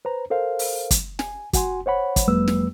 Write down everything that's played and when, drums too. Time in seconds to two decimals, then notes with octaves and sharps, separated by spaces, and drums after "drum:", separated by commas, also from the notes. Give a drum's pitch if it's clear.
0.05 B4 C5 A#5
0.30 A4 A#4 C5 F5
0.59 drum: open hi-hat
0.91 drum: kick, hi-hat
1.19 G#5, drum: snare
1.53 F#4 F#5 G#5 C6, drum: kick, hi-hat
1.86 C5 C#5 F#5 B5
2.16 drum: kick, hi-hat
2.27 F2 F#3 G#3 A#3 B4 E6
2.48 drum: snare